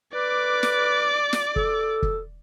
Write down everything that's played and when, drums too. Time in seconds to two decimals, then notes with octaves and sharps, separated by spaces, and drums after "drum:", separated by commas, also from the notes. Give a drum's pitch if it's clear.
0.14 B4 D5 D6
0.63 drum: snare
1.33 drum: snare
1.56 A4, drum: kick
2.03 drum: kick